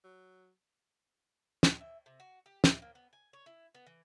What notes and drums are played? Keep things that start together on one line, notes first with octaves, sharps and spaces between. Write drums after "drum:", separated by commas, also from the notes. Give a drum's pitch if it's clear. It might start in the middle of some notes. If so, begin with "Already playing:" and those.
F#3
drum: snare
E5
C3
F#4
G4
E4, drum: snare
A#3
B3
G#5
C#5
E4
B3
E3